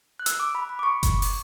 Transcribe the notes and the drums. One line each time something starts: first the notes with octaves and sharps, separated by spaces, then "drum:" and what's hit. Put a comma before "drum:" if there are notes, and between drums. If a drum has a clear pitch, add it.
F#6
E6, drum: hi-hat
D6
B5
B5
D6
C#6
drum: kick F#1, hi-hat
drum: open hi-hat